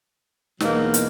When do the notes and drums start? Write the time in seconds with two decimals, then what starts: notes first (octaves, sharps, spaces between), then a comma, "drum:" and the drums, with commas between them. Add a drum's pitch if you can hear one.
0.60 E2 B2 F#3 A#3 D#4, drum: snare
0.94 drum: hi-hat